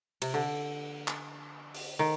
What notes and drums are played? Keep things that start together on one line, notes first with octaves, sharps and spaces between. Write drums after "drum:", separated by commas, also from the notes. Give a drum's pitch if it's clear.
C3, drum: cymbal
D3
drum: clap
drum: open hi-hat
D#3